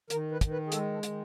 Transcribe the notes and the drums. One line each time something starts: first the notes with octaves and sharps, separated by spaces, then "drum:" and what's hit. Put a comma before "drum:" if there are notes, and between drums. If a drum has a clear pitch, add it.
D#3 A#4, drum: hi-hat
B4
D#3, drum: kick, hi-hat
B4
G#4
G#3 A4, drum: hi-hat
A4
D#3, drum: hi-hat